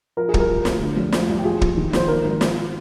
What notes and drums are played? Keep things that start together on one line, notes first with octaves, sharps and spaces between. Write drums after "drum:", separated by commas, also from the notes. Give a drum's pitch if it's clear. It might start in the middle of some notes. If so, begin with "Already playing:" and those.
F3 A#4
G#4
C2, drum: kick
A#4
F3
D2, drum: snare
D3
F1
F3, drum: snare
C2
G4
F3 G#4
A#1, drum: kick
D#3
A#1 C5, drum: snare
D#3 A#4
G#1
F3, drum: snare